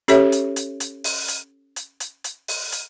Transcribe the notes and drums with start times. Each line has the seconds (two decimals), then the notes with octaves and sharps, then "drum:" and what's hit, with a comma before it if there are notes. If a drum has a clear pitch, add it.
0.08 C#4 G4 A4 C#5 E5, drum: hi-hat
0.32 drum: hi-hat
0.56 drum: hi-hat
0.80 drum: hi-hat
1.04 drum: open hi-hat
1.28 drum: hi-hat
1.76 drum: hi-hat
2.00 drum: hi-hat
2.24 drum: hi-hat
2.48 drum: open hi-hat
2.72 drum: hi-hat